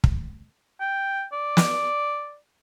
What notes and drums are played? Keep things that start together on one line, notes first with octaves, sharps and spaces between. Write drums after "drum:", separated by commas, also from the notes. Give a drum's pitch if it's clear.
drum: kick
G5
D5
drum: snare